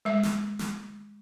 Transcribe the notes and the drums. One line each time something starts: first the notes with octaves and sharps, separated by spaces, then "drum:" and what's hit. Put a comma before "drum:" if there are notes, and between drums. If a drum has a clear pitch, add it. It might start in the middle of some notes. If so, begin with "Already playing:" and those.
G#3 E5
drum: snare
drum: snare